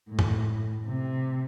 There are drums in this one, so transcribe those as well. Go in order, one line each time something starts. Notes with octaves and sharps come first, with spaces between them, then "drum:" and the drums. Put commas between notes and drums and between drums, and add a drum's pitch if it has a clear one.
A2
drum: tom F#2
C3